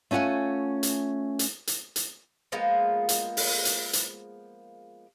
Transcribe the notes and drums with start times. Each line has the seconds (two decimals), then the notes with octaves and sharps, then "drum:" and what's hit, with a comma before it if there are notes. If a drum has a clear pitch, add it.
0.11 A3 C#4 F4 F#4 F#5 G#5
0.83 drum: hi-hat
1.39 drum: hi-hat
1.67 drum: hi-hat
1.96 drum: hi-hat
2.52 F3 G#3 A#3 B3
3.09 drum: hi-hat
3.37 drum: open hi-hat
3.65 drum: hi-hat
3.93 drum: hi-hat